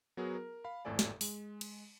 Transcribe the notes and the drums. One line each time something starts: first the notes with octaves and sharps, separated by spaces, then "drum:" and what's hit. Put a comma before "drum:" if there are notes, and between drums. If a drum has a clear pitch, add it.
F#3 B3 F#4 G#4 A#4
A#4
F5 B5
G#1 F2 A2 A4 D5 G#5
drum: snare
G#3, drum: open hi-hat
drum: cymbal